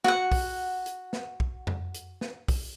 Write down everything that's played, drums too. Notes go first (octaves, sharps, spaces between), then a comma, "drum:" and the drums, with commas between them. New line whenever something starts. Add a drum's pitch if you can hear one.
F#4 F#5, drum: snare
drum: kick B1, open hi-hat
drum: hi-hat
drum: snare
drum: kick B1
drum: tom F2
drum: hi-hat
drum: snare
drum: kick B1, open hi-hat